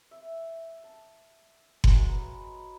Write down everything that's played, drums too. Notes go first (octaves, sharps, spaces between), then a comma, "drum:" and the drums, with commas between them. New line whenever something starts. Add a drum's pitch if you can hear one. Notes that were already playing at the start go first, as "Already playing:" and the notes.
E5
A5
F#3 G#3 A#4, drum: kick F#1
B4 A#5